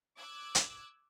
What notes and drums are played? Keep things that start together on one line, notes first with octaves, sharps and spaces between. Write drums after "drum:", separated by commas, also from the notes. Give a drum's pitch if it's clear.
D6 E6 F#6 G#6
drum: hi-hat